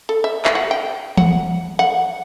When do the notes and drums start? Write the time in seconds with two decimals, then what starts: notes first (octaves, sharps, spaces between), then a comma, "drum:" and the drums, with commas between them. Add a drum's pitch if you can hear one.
0.09 A4
0.24 E5
0.45 E5, drum: clap
0.55 F#5
0.71 G5
1.17 F#5, drum: tom E3
1.79 F#5